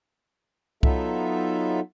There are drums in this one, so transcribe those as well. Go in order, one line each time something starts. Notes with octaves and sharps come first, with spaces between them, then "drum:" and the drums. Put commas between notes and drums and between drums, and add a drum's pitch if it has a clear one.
F#3 B3 D#4 F4 A4 E5, drum: kick C2